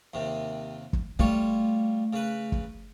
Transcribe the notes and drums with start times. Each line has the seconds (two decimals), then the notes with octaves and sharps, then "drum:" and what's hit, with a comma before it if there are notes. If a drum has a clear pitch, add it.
0.14 D#2 C3
0.93 drum: kick
1.19 G3 A3 F4 C#5, drum: kick
2.13 C#3 B4
2.52 drum: kick